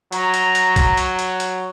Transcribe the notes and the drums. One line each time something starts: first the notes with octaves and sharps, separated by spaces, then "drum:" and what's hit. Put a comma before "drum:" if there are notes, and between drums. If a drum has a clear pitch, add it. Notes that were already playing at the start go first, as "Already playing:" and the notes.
F#3 A#5, drum: hi-hat
drum: hi-hat
drum: hi-hat
drum: kick, hi-hat
drum: hi-hat
drum: hi-hat
drum: hi-hat